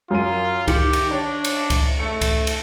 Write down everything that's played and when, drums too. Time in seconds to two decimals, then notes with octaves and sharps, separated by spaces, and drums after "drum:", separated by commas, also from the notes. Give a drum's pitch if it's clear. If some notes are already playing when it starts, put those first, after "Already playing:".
0.11 F#2 F4 D#7
0.68 D#3 G4 C#7 F#7, drum: kick C#2, cymbal
0.93 drum: cymbal
1.11 D4 C#5
1.44 drum: cymbal
1.70 drum: kick C#2, cymbal
2.00 A3 C#7
2.21 drum: kick C#2, cymbal
2.47 drum: cymbal